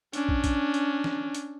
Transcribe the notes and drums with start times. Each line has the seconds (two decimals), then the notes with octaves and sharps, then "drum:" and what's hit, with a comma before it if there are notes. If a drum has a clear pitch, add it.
0.13 C#4 D4, drum: hi-hat
0.29 drum: kick
0.44 drum: kick, hi-hat
0.74 drum: hi-hat
1.04 drum: snare
1.34 drum: hi-hat